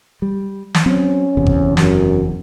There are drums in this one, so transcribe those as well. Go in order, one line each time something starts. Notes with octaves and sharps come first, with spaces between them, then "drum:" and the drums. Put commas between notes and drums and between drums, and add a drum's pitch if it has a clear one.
G3
drum: snare
F#3 C4 C#4
F#1 E2 C3
drum: kick G#1
F#2, drum: snare